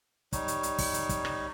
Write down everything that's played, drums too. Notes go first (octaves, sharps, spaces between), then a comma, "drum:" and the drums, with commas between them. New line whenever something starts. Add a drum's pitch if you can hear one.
G3 D#4 C#5, drum: kick, hi-hat
drum: hi-hat
drum: hi-hat
drum: kick, open hi-hat
drum: hi-hat
drum: kick, hi-hat
drum: rim click